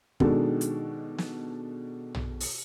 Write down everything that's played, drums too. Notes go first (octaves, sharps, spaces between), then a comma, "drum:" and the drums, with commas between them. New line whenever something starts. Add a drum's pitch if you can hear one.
B2 D#3 G#3 D4 F#4 A4, drum: kick
drum: hi-hat
drum: snare
drum: tom
drum: open hi-hat